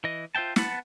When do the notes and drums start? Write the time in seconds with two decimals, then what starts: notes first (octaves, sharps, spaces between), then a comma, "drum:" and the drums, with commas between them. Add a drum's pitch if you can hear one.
0.04 E3 D#5
0.35 F4 C5 E5 G5 A5
0.56 B3 F#5 A5 B5, drum: snare